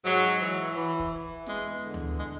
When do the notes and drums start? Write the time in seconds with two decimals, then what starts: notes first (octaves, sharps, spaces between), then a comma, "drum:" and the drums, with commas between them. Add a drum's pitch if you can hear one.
0.04 G#2 F#3
0.41 E3
0.76 E3
0.99 drum: kick
1.11 E3
1.46 E2 G#3, drum: snare
1.82 D3
1.94 drum: tom D2
2.18 G#3